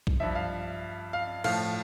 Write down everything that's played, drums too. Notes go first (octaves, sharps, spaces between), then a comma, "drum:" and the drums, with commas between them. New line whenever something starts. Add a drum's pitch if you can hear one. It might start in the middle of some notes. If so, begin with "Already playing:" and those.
drum: kick A#1
G2 F3 E5
F5
F5
A2 F3 F5, drum: cymbal